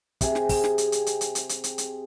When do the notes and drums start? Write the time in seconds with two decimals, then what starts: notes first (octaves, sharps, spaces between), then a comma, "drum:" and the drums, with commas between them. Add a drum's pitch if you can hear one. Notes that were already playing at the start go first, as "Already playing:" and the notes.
0.21 C3 G#4, drum: kick, hi-hat
0.35 drum: snare
0.49 drum: kick, open hi-hat
0.64 drum: snare
0.78 drum: hi-hat
0.92 drum: hi-hat
1.06 drum: hi-hat
1.21 drum: hi-hat
1.35 drum: hi-hat
1.49 drum: hi-hat
1.64 drum: hi-hat
1.78 drum: hi-hat